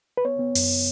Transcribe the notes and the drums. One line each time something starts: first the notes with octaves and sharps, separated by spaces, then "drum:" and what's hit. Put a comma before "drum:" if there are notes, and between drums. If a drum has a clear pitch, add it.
B4
B3 C#5
B3
F#2, drum: open hi-hat